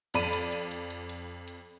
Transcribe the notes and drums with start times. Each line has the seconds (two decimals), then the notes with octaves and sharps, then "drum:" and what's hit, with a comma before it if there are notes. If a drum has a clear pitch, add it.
0.14 F2 D5 B5 D#7, drum: hi-hat
0.33 drum: hi-hat
0.52 drum: hi-hat
0.71 drum: hi-hat
0.90 drum: hi-hat
1.09 drum: hi-hat
1.48 drum: hi-hat